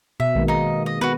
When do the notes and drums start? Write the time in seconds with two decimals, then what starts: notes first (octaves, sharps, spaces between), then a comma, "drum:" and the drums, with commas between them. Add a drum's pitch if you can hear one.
0.20 B2 E5
0.35 D#3 G#3 A#3, drum: kick A#1
0.48 D#4 D#5
0.86 D#5
1.01 B3 F#4 B4